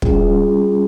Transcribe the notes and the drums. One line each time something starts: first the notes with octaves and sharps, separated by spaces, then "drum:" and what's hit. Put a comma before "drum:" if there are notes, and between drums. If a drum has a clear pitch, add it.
G3 C#4 F4 G#4, drum: kick